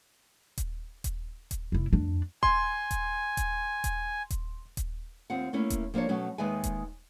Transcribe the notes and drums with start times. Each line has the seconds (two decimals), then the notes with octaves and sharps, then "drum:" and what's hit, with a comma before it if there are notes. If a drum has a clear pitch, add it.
0.58 drum: kick D#1, hi-hat
1.04 drum: kick D#1, hi-hat
1.51 drum: kick D#1, hi-hat
1.72 F1 E4
1.93 F2 D4
2.43 G#5 C6, drum: kick D#1
2.91 drum: kick D#1, hi-hat
3.37 drum: kick D#1, hi-hat
3.84 drum: kick D#1, hi-hat
4.30 drum: kick D#1, hi-hat
4.77 drum: kick D#1, hi-hat
5.30 D#2 C4 F4 F#5
5.53 A3 A#3 C#4 E4
5.70 drum: kick D#1, hi-hat
5.94 F3 A#3 D4 A#4 C#5
6.09 B2 F#3 A3 C#4
6.38 D#2 D#3 G#3 B4 E5 G#5
6.64 drum: kick D#1, hi-hat